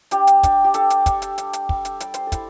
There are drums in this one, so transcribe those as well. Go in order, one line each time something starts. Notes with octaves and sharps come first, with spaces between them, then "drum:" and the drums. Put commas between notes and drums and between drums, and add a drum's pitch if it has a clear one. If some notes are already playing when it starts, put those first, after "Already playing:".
D4 G4, drum: hi-hat
drum: hi-hat
D4, drum: kick, hi-hat
G4
D4 A4, drum: hi-hat
drum: hi-hat
D4, drum: kick, hi-hat
drum: hi-hat
G3, drum: hi-hat
drum: hi-hat
G3, drum: kick
drum: hi-hat
G3 D5, drum: hi-hat
C5, drum: hi-hat
A4
E4, drum: kick, hi-hat